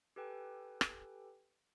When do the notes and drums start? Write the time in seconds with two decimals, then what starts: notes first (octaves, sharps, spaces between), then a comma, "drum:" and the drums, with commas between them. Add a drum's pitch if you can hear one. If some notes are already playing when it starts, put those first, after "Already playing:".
0.16 G4 A4 B4 G5 G#5
0.81 drum: rim click